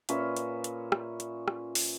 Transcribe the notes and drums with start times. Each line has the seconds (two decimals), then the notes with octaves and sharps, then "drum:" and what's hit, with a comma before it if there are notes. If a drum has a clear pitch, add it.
0.09 A#2 C#4 B4 E5, drum: hi-hat
0.37 drum: hi-hat
0.64 drum: hi-hat
0.92 drum: rim click
1.20 drum: hi-hat
1.48 drum: rim click
1.75 drum: open hi-hat